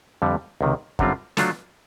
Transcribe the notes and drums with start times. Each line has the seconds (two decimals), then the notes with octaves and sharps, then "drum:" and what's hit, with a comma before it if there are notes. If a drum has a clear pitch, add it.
0.22 F2 D3 G3
0.61 C#2 C3 D#3
0.99 F#2 D3 G3 C4 F4, drum: kick
1.37 F#3 A3 D4 F4 A4, drum: snare